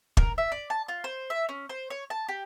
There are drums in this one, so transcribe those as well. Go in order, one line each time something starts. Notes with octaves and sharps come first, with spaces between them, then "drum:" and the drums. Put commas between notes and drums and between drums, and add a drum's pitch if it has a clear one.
A#4, drum: kick
E5
D5
A5
F4
C5
E5
C#4
C5
C#5
A5
G4